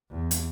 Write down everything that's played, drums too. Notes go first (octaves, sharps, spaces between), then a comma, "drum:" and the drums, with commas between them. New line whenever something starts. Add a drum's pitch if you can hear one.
E2
drum: hi-hat